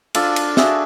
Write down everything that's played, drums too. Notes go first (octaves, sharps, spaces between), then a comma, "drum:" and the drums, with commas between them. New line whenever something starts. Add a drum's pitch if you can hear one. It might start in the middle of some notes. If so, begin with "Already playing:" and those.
D4 F4 A4, drum: cymbal
drum: cymbal
F#4 G#4 E5, drum: snare